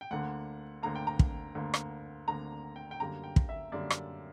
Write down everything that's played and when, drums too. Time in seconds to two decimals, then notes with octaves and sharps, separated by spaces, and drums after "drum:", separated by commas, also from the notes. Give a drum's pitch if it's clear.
0.01 G5
0.11 D2 D3 A#3 F#5
0.83 D2 D3 A#3 A#5
0.95 G5
1.07 A#5
1.19 drum: kick
1.55 D2 D3 A#3
1.74 drum: rim click
2.28 D2 D3 A#3 A#5
2.76 G5
2.91 G5
3.00 F#2 D3 G3 A#3 A#5
3.24 G5
3.36 drum: kick
3.49 E5
3.72 F#2 D3 G3 A#3 D5
3.90 drum: rim click